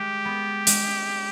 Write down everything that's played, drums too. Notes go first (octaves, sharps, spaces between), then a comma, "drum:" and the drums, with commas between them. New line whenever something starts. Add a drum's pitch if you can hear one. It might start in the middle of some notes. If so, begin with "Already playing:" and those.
Already playing: G#3 G4
B3
G#3, drum: hi-hat